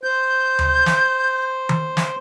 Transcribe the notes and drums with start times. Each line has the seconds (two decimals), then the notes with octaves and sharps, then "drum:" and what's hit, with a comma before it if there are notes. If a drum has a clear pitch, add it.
0.03 C5 G6
0.59 drum: tom D2
0.86 drum: snare
1.69 drum: tom D#3
1.97 drum: snare